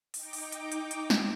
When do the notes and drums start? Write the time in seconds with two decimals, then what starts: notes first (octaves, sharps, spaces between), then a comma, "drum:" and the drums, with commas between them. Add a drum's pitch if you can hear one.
0.14 D#4 G5 D6, drum: open hi-hat
0.33 drum: open hi-hat
0.52 drum: hi-hat
0.72 drum: hi-hat
0.91 drum: hi-hat
1.10 drum: snare